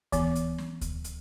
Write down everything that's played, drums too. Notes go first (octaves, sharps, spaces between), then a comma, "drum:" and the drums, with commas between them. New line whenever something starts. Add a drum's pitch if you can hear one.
E3 B3, drum: kick D2, hi-hat
drum: hi-hat
drum: snare
drum: kick D2, hi-hat
drum: hi-hat